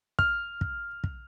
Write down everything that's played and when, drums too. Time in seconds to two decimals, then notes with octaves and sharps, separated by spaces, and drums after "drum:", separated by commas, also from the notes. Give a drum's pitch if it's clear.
0.19 F6, drum: kick
0.61 drum: kick
1.04 drum: kick